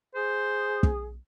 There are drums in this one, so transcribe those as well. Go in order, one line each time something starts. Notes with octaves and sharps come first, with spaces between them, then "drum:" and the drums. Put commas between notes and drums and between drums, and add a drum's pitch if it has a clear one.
G#4 C5
drum: kick